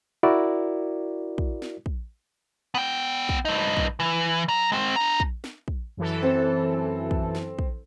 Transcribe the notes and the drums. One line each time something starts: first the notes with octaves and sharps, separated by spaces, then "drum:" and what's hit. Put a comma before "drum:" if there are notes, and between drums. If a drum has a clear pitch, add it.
E4 F#4 A#4 D5
drum: kick
drum: snare
drum: kick
B3 G5
drum: kick
G2 D#4
drum: kick
E3
F#3 A#5
G#3 C4
D4 A#5
drum: kick
drum: snare
drum: kick
F#2 E3 A4
C4
drum: kick
drum: snare
drum: kick